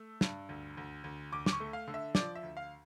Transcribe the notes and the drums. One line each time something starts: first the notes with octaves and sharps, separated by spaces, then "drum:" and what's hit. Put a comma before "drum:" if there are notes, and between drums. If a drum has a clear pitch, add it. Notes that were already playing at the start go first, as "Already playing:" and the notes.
Already playing: A3 E6
G2, drum: snare
D2
D2
D2
D2 D6
D6, drum: snare
C#6
A3
F5
D3
E5
F3 D5, drum: snare
E5
D2
F5